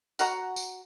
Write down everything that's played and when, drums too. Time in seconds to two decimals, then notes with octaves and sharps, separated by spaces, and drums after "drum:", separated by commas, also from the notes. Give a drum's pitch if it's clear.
0.19 F#4 C#5 F#5 A#5, drum: tambourine
0.56 drum: tambourine